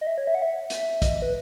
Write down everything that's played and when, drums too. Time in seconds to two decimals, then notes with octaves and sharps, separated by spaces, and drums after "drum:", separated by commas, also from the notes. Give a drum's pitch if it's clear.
0.01 D#5
0.07 E5
0.18 C#5
0.27 E5
0.35 F#5
0.42 E5
0.70 drum: hi-hat
1.02 D#5, drum: kick, hi-hat
1.22 B4